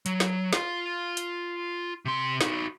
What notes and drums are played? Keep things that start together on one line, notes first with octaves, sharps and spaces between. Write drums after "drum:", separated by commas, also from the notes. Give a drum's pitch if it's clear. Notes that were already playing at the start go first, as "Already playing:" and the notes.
F#3, drum: hi-hat
drum: snare
F4 F5, drum: snare
drum: hi-hat
C3 C6
D#4 F#4, drum: snare